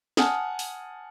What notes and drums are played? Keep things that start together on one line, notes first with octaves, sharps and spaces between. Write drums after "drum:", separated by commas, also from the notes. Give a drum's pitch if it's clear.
F#5 G#5 A5 D#6 F6, drum: snare
drum: open hi-hat